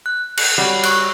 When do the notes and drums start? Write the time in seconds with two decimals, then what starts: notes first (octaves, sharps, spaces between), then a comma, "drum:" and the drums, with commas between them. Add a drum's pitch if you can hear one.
0.06 F#6
0.37 F#6, drum: cymbal
0.58 G3 F#4 C#5
0.83 C#6 F#6, drum: cymbal